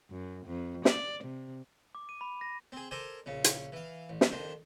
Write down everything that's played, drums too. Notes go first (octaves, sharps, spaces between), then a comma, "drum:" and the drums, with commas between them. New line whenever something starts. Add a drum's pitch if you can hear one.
F#2
F2
D5, drum: snare
C3
D6
D#7
B5
A#6
C4 G#4
A4 A#4 C5 D5 G#5
A#1 C#3
drum: hi-hat
E3 F5
A1
drum: snare
F2 D#3 D4 C5